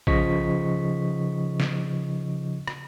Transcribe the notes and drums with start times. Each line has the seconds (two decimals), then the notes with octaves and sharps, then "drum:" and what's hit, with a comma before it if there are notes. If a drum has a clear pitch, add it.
0.07 C#3 F3 D#5 C#6 B6, drum: kick
1.60 drum: snare
2.67 drum: rim click